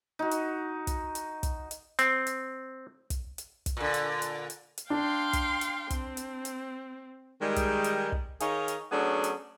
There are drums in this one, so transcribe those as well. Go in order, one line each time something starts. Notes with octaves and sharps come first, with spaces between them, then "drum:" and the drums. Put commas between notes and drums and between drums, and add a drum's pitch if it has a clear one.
D#4 F#4
drum: hi-hat
drum: kick, hi-hat
drum: hi-hat
drum: kick, hi-hat
drum: hi-hat
C4, drum: hi-hat
drum: hi-hat
drum: kick, hi-hat
drum: hi-hat
drum: kick, hi-hat
A#2 D3
drum: hi-hat
drum: hi-hat
drum: hi-hat
drum: hi-hat
D4 F5 G5 C6
drum: kick, hi-hat
drum: hi-hat
C4, drum: kick, hi-hat
drum: hi-hat
drum: hi-hat
D#3 G3 G#3
drum: kick, hi-hat
drum: hi-hat
drum: kick
D#3 D#4 G#4 C#5 F5, drum: hi-hat
drum: hi-hat
F#3 A3 B3 C#4 D4 G#4
drum: hi-hat